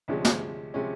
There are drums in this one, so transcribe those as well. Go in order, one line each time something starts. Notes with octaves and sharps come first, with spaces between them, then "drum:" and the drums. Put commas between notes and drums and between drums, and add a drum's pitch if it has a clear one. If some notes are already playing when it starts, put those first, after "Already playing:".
D2 C3 F3 G#3 C#4
drum: snare
C3 F3 G#3 C#4